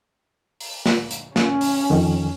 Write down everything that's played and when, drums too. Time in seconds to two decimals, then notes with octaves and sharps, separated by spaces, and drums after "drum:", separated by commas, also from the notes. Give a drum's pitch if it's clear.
0.60 drum: open hi-hat
0.86 drum: snare
1.11 drum: hi-hat
1.36 C#4, drum: snare
1.61 drum: open hi-hat
1.90 F2 D#3